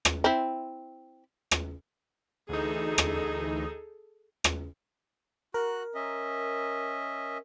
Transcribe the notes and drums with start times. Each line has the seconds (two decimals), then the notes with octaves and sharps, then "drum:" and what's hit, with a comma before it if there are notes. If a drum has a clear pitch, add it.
0.05 drum: rim click
0.24 C4 E4
1.51 drum: rim click
2.49 D2 E3 D#4 G#4 A4
2.98 drum: rim click
4.44 drum: rim click
5.54 F#4 A#4 F#6
5.95 C#4 D#5 E5